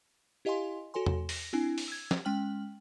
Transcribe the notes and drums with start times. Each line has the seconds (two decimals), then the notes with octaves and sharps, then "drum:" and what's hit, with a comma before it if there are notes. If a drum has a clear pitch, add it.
0.45 E4 G4 D#5 F5 G#5 C6
0.94 F#4 A4 C#5 G#5 C6
1.06 drum: tom E2
1.29 A#6, drum: open hi-hat
1.53 C4 D4 E4 G#5
1.78 drum: open hi-hat
1.88 E6 G#6
2.11 drum: snare
2.25 G#3 C#4 G5 F6 F#7